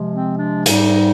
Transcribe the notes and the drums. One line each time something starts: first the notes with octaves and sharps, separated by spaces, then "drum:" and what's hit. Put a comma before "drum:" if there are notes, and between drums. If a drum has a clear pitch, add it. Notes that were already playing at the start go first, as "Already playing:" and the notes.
Already playing: C3 F3 G#3
C4
D4
G#2 G3 D#4, drum: hi-hat